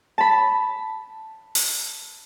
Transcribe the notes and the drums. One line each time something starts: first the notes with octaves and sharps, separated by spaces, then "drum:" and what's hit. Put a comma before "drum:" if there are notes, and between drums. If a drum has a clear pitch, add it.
A5 B5
drum: open hi-hat